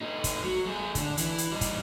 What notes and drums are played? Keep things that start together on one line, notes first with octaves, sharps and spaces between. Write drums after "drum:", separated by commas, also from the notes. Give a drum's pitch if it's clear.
A3 D#4
drum: kick, hi-hat
F#3
A3 G#4
D3 D4, drum: kick, hi-hat
E3, drum: hi-hat
drum: hi-hat
G3 D#4
drum: kick, hi-hat